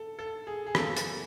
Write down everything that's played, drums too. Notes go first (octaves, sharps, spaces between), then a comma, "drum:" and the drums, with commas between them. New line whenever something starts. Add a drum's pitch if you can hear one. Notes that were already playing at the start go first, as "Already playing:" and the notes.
Already playing: A4
A4
G#4
G#4
F#2 C#3 E3 B3 A4, drum: rim click
drum: hi-hat